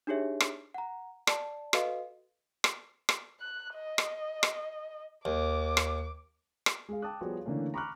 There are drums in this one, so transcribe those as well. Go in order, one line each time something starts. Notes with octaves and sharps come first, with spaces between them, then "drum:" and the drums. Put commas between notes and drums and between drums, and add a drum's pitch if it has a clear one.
D4 D#4 G4 G#4 C#5 E5
drum: rim click
F#5 A#5
D5 A5, drum: rim click
F#4 A4 B4 D#5 F5, drum: rim click
drum: rim click
drum: rim click
F#6
D#5
drum: rim click
drum: rim click
D#2 D6
drum: rim click
drum: rim click
G#3 G#4 F5
G5 A5 D6 D#6 F#6
F3 G3 B3 F#4 G#4 C#5
D3 E3 A3 A#3 C#4
A#5 B5 C#6 D6 F6 F#6